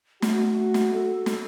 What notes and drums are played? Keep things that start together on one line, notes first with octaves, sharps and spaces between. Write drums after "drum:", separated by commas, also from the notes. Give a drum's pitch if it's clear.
A3 F#4, drum: snare
drum: snare
A4
drum: snare